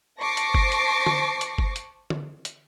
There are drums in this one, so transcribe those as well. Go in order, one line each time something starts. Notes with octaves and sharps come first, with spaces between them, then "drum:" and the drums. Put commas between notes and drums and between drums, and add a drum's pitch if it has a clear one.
C5 A5 C#6 D6 A#6 C7
drum: hi-hat
drum: kick G1
drum: hi-hat
drum: tom D3
drum: hi-hat
drum: kick G1
drum: hi-hat
drum: tom D3
drum: hi-hat